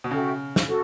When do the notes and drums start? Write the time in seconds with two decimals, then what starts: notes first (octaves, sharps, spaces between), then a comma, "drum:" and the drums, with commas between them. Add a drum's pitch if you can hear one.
0.04 B2
0.11 C#3 F#4 A4 E5 G5
0.56 drum: snare
0.67 F#4 A4